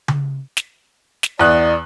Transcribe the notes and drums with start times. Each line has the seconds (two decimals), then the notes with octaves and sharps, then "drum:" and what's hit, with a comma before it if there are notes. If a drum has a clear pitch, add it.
0.08 drum: tom C#3
0.57 drum: snare
1.23 drum: snare
1.39 E2 D5 D#6 F#6